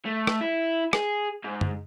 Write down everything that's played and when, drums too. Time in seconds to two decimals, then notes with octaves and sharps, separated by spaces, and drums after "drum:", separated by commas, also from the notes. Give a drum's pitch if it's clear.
0.05 A3
0.27 drum: rim click
0.41 E4
0.93 G#4, drum: rim click
1.44 G#2
1.61 drum: tom F#2